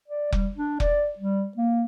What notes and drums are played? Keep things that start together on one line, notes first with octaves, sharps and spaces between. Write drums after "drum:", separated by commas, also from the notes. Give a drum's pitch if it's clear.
D5
G3, drum: kick F1
D4
D5, drum: kick F1
G3
A#3